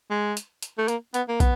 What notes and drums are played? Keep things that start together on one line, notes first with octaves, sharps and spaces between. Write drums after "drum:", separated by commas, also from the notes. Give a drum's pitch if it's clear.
G#3
drum: hi-hat
drum: hi-hat
A3
A#3, drum: hi-hat
B3, drum: hi-hat
A#3
B3, drum: kick, hi-hat